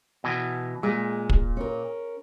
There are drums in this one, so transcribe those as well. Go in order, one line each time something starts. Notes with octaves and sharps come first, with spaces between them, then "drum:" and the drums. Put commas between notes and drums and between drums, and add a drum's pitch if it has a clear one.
B2 E3
A#2 G#3
drum: kick
C#4 A#4